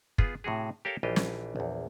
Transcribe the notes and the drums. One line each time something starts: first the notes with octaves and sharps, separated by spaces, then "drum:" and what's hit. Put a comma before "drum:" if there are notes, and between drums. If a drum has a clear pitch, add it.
B3 F4 G#4, drum: kick
A2 C3 F#4 G#4
G4 A4 A#4 C#5 F5 G5
A#1 E3 F4 G4 D#5
drum: snare
A#1 E2